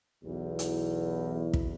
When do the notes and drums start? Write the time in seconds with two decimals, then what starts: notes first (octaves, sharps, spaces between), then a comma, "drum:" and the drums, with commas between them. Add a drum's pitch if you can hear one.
0.25 B1 E2
0.59 drum: hi-hat
1.53 drum: kick